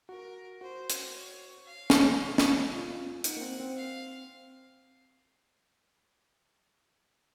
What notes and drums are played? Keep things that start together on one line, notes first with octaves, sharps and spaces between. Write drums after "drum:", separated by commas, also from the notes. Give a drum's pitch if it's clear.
F#4 A#4
F#4 C5
drum: hi-hat
C#5
F5
drum: snare
drum: snare
F4
D#4 F#5, drum: hi-hat
A#3
C4
C4
F5